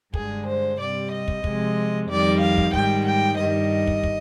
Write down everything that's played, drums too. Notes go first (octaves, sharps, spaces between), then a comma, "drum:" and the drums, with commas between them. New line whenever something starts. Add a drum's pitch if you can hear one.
G2 D3 G#3 G#4, drum: kick
C5
C3 G3 D5
D#5
drum: kick
C3 F3 G#3, drum: kick
F2 D#3 G3 D5
F5
drum: kick
G#2 D#3 G3 G5, drum: kick
G5
G2 D#3 G3 D#5
drum: kick
drum: kick